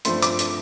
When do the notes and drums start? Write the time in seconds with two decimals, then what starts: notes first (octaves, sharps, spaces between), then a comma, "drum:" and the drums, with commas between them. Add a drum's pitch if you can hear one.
0.05 G2 F3 A3 C4 C6, drum: hi-hat
0.22 D6, drum: hi-hat
0.39 drum: hi-hat